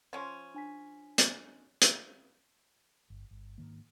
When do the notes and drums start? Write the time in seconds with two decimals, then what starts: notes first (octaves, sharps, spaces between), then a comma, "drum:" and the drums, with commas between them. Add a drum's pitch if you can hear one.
0.13 F3 C#4 G#5 C6
0.54 D4 G#5 B6
1.18 drum: hi-hat
1.82 drum: hi-hat
3.10 G1
3.31 G1
3.58 G#2 D#3 A#3